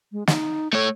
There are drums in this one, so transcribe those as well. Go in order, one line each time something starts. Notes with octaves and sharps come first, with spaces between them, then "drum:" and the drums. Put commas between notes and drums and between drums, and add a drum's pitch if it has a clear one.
G#3
D#4, drum: snare
A3 A4 C#5